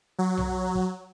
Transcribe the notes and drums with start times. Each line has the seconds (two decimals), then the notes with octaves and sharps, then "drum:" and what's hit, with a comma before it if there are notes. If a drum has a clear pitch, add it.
0.19 F#3
0.37 drum: tom B1
0.75 drum: kick